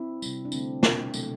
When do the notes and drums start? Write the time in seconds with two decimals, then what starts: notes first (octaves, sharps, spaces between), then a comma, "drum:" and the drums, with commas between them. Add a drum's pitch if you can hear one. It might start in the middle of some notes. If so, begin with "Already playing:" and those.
Already playing: C4 E4
0.22 C3 G3, drum: tambourine
0.45 D4
0.52 D3 A3 C4, drum: tambourine
0.83 B2 G3, drum: snare
1.14 C3 F#3 A3, drum: tambourine